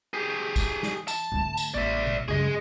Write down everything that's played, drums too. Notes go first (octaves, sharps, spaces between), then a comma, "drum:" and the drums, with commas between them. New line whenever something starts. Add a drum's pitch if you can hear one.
G4 G#4
E3, drum: kick, tambourine
drum: snare
A5, drum: tambourine
D3 A3, drum: tom G#2
drum: tambourine
A1 A#3 D5 E5
drum: tom B2
F#2 C#3 G#4 D#5